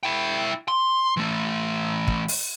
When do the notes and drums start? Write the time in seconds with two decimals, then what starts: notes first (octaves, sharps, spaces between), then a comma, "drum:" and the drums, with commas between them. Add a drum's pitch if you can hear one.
0.03 E4 G5
0.68 C6
1.17 E3 A3
2.08 drum: kick
2.28 drum: open hi-hat